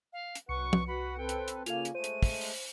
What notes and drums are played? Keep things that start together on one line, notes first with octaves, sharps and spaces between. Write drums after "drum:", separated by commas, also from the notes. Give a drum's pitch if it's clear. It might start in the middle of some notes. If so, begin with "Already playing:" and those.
F5
drum: hi-hat
C2 F#2 B4 F#5 C#6 C#7
drum: tom
F#4 B4 F#5 B5
C4 A4 B4 G5
drum: hi-hat
drum: hi-hat
C#3 A#3 F4 A4 F5 G#5 F7, drum: hi-hat
drum: hi-hat
G#3 A3 C5 D#7
drum: hi-hat
drum: kick, open hi-hat
drum: open hi-hat